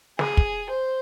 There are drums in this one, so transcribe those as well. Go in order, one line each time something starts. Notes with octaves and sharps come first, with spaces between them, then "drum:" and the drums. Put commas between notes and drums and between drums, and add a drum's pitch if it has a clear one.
G#4, drum: snare
drum: kick
C5